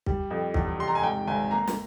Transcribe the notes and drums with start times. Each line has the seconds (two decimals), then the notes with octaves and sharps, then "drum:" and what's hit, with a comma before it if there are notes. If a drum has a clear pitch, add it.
0.06 G3, drum: kick
0.31 F2
0.54 E2, drum: kick
0.79 C3 C6
0.88 A#5
0.95 G#5
1.03 G#2 G5
1.27 G#1 G#5
1.51 A#3 A#5
1.67 drum: snare